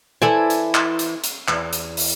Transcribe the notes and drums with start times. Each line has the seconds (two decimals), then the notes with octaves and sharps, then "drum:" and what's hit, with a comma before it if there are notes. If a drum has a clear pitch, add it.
0.22 E3 E4 A4 C5 D5 G#5
0.50 drum: hi-hat
0.75 drum: clap
0.99 drum: hi-hat
1.24 drum: hi-hat
1.48 E2, drum: clap
1.73 drum: hi-hat
1.97 drum: open hi-hat